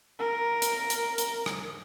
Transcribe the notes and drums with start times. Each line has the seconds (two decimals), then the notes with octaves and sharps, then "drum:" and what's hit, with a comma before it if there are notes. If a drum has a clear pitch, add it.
0.19 A#4
0.62 drum: hi-hat
0.90 drum: hi-hat
1.18 drum: hi-hat
1.46 drum: rim click